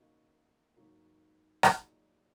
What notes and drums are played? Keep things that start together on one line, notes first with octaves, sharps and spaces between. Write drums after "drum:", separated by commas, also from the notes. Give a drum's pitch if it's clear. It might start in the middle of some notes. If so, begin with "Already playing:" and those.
Already playing: C#3 A#3 D#4 F#4
G#2 F#3 A#3 F#4 A#4
A#2 F#3 D#4 G#4, drum: rim click